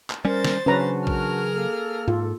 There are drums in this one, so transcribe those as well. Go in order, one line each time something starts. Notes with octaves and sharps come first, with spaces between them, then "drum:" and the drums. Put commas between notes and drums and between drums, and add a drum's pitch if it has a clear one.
drum: clap
G3 C#4 A#4 C5 A6
drum: snare
C#3 E3 F#3 C#4 D4 F#4 B4 A#5
G#4 A#4 F6, drum: kick A#1
A#3 A4
G#2 F4